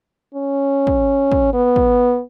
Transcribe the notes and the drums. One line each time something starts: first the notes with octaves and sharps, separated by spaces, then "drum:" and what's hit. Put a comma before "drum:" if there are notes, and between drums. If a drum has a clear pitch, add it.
C#4
drum: kick
drum: kick
B3
drum: kick